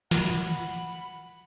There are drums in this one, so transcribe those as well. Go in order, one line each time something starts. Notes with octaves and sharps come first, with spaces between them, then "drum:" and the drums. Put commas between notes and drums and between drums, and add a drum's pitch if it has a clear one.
F#5 B5, drum: snare